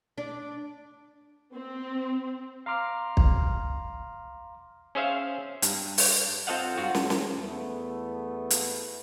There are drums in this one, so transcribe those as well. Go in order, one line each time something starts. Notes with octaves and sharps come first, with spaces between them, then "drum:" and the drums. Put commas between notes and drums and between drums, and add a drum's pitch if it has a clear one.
D4
C4
F5 A#5 C6 D6 F6
drum: kick
C#4 G#4 C5 E5 F5
G2, drum: hi-hat
drum: open hi-hat
C4 F4 A4 D#5 F5 F#5
G2 F4 F#4
drum: snare
drum: snare
E2 A3 B3
drum: hi-hat